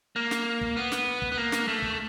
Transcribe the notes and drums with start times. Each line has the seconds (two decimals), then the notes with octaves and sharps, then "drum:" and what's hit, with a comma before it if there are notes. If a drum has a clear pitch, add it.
0.16 A#3
0.31 drum: snare
0.61 drum: kick
0.77 B3
0.92 drum: snare
1.22 drum: kick
1.32 B3
1.37 A#3
1.52 drum: snare
1.68 A3
1.82 drum: kick